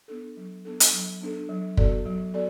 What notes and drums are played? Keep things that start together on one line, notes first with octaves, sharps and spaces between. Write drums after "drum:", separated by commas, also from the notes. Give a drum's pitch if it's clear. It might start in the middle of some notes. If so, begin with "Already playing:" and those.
B3 D4 A4
F#3
B3 D4 A4
drum: hi-hat
F#3
B3 D4 A4
F#3
B3 F#4 A4 D5, drum: kick
F#3
B3 F#4 A4 D5